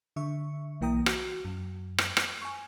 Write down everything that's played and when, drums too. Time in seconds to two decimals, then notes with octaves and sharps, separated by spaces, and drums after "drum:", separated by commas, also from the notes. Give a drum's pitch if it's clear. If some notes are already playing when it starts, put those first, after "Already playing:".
0.16 D3 E5 C#6
0.81 B1 E3 A#3 G5 A#5 D#6
1.06 F#4, drum: rim click
1.45 F#2
1.98 drum: rim click
2.17 drum: rim click
2.42 G#5 C#6